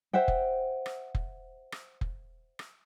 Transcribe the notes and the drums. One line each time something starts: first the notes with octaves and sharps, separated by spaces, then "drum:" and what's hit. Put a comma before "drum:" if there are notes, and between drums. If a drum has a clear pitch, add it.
C5 E5 F#5 G5
drum: kick F1
drum: rim click
drum: kick F1
drum: rim click
drum: kick F1
drum: rim click